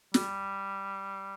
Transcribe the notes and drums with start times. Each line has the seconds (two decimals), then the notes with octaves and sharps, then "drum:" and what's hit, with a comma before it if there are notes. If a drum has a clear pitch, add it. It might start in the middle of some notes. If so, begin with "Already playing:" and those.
0.14 G3, drum: snare